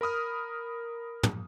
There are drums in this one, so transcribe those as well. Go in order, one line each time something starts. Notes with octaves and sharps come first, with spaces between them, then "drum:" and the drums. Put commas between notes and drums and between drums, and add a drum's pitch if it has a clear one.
A#4 B5 D#6 F6
drum: tom